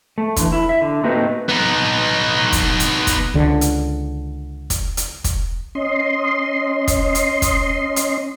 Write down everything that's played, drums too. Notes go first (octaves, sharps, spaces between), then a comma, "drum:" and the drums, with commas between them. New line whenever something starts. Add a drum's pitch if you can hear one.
A3
D3 E3, drum: kick, hi-hat
E4
E5
D3
A3 A#3 C4 D#4 F#4 B4
B3 D#4
drum: kick, hi-hat
drum: hi-hat
drum: kick, hi-hat
C#2 D3
drum: hi-hat
drum: kick, hi-hat
drum: hi-hat
drum: kick, hi-hat
C#4 D#5 C6
drum: kick, hi-hat
drum: hi-hat
drum: kick, hi-hat
drum: hi-hat